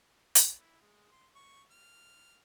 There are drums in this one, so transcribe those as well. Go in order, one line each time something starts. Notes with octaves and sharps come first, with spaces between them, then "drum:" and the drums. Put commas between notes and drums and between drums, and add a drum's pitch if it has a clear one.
drum: hi-hat
E4
G#3
C6
C#6
F6